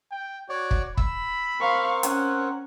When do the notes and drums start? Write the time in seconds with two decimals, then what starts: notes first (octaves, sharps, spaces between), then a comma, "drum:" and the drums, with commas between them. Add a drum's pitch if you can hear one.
0.12 G5
0.49 F#4 C#5 D5
0.71 drum: kick
0.97 B5 E6, drum: kick
1.60 C4 A#4 F5 C#6
2.03 C#4 F#5, drum: hi-hat